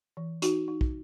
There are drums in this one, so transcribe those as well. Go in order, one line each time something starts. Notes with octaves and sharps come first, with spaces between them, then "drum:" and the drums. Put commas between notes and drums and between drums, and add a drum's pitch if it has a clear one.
E3
D#4 F#4, drum: hi-hat
D#4
drum: kick